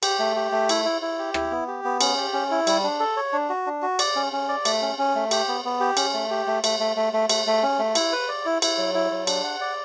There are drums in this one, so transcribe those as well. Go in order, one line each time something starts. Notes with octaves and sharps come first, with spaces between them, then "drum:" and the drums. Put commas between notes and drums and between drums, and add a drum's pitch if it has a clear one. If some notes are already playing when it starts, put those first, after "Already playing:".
G4, drum: cymbal
A3
G4
A3
E4, drum: cymbal
E4
E4
G4
E4, drum: rim click
B3
G4
B3
C#4, drum: cymbal
G4
C#4
E4
G3, drum: cymbal
D4
A4
C#5
D4
F#4
D4
F#4
D5, drum: cymbal
C#4
C#4
D5
A3, drum: cymbal
C#4
C#4
A3
G4, drum: cymbal
B3
B3
G4
C#4, drum: cymbal
A3
G4
A3
A3, drum: cymbal
A3
A3
A3
A3, drum: cymbal
A3
C#4
A3
E4, drum: cymbal
B4
D5
E4
E4, drum: cymbal
F#3
E4
F#3
D4, drum: cymbal
F#5
D5